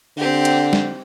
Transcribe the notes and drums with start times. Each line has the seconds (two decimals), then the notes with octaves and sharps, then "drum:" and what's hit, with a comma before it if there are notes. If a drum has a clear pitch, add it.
0.17 D3 C4 G4
0.45 drum: cymbal
0.73 drum: snare